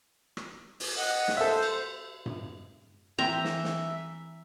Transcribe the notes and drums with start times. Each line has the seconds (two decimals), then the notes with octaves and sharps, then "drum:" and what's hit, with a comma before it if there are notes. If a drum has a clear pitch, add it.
0.37 drum: rim click
0.80 drum: open hi-hat
0.96 C4 D#5 F#5
1.28 drum: snare
1.37 A4 C5 E5
1.63 drum: cymbal
2.26 drum: tom G2
3.19 E3 C4 E5 A#5
3.44 drum: snare
3.64 drum: snare